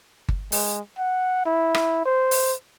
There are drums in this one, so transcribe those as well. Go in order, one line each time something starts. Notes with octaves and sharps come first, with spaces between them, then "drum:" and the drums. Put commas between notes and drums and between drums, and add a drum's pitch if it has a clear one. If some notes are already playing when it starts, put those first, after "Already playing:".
drum: kick G1
G#3, drum: open hi-hat
F#5
E4
drum: rim click
C5
drum: open hi-hat